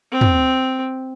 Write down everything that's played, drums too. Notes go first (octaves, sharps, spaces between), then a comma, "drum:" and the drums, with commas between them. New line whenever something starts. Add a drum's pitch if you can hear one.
C4
drum: tom